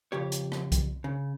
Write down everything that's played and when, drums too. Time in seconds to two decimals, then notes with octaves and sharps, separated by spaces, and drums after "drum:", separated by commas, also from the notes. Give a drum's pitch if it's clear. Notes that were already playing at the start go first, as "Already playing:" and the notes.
0.12 F2 C#3 G4 C#5
0.32 drum: hi-hat
0.52 drum: rim click
0.72 drum: kick C2, hi-hat
1.04 C#3